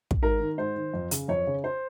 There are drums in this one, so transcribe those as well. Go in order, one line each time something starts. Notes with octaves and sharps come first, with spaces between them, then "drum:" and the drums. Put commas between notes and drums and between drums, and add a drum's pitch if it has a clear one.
drum: kick
G#2 A#4
D#3
G#2 C5
D#3
F2
C#3, drum: hi-hat
F2 C#5
C#3
C5